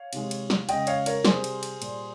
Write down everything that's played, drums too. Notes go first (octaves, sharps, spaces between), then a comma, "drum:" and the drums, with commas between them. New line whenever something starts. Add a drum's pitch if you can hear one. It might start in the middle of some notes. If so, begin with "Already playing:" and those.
Already playing: C#5 F5
C3 D#3 G#3, drum: cymbal
drum: cymbal
drum: snare
C#3 G#3 D#5 G5, drum: cymbal
C#5 F5, drum: cymbal
A#4 C#5, drum: cymbal
C3 G3 G#4 C5, drum: snare
drum: cymbal
drum: cymbal
A#2 G3, drum: cymbal